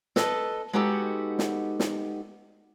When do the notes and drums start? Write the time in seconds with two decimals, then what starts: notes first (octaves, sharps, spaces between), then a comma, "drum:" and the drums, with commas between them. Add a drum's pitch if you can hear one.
0.16 A4 B4 D#5 A5, drum: snare
0.73 G#3 B3 D#4 F#4 G4 A4
1.39 drum: snare
1.80 drum: snare